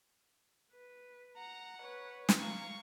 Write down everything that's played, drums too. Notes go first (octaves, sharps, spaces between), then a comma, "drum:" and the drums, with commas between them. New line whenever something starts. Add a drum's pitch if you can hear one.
B4
F#5 A#5
B4 C#5
drum: snare
F5 A#5 C#6